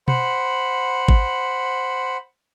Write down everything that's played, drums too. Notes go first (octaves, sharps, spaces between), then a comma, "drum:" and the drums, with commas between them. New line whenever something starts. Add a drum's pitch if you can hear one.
C5 F#5 B5, drum: tom B2
drum: kick